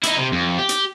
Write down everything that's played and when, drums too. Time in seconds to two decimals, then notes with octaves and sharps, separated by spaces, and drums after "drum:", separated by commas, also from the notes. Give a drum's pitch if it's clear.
0.03 D#4 E4, drum: hi-hat
0.18 C3
0.32 F2
0.58 G4
0.69 drum: hi-hat